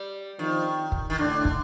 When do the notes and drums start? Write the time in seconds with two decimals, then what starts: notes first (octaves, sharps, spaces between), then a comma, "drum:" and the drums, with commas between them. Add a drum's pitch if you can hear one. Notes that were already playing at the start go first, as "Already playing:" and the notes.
Already playing: G3
0.39 D#3 F3 C4 D#4
0.92 drum: kick
1.10 D#3
1.18 A2 D3 A3 D4
1.45 drum: kick